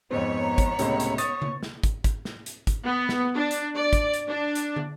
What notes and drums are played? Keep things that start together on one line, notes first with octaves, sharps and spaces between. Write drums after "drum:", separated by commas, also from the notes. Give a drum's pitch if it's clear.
F2 G#2 B3 C4 C#5
A#5
drum: kick, hi-hat
C#2 A2 C3, drum: hi-hat
drum: hi-hat
C#6 D#6 A6, drum: hi-hat
drum: tom C#3
drum: snare
drum: kick, hi-hat
drum: kick, hi-hat
drum: snare
drum: hi-hat
drum: kick, hi-hat
B3
drum: snare
D4
drum: hi-hat
D5
drum: kick, hi-hat
drum: hi-hat
D4
drum: hi-hat
drum: tom